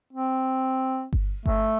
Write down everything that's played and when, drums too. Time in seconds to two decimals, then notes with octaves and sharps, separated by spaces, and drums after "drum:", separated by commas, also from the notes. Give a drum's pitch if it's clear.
0.13 C4
1.13 drum: kick G1
1.46 A3, drum: kick G1